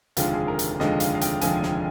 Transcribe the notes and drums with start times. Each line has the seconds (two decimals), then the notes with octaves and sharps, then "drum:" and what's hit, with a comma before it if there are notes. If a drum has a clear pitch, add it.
0.17 F1 D#2 D3 F3 G#3 F4, drum: hi-hat
0.33 G#4
0.48 A#4
0.59 drum: hi-hat
0.80 F1 D#2 D3 F3 G#3 D#5, drum: snare
1.00 F5, drum: hi-hat
1.15 F5
1.21 G5, drum: hi-hat
1.41 F1 D#2 D3 F3 G#3 G#5, drum: hi-hat
1.63 drum: snare